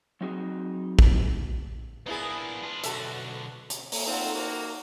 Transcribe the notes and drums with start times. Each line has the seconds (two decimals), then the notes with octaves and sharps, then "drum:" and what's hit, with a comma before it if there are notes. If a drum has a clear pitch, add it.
0.21 F#3 C4 D#4 F#4 G#4
0.99 drum: kick A1
2.06 A#3 B3 D4 E4 G#4
2.63 D4 F4
2.84 B1 D3 F#4 A4 E5, drum: hi-hat
3.70 drum: hi-hat
3.92 A#3 A4, drum: open hi-hat
4.07 A3 C4 D#4 F4 F#5
4.35 A#3 F#4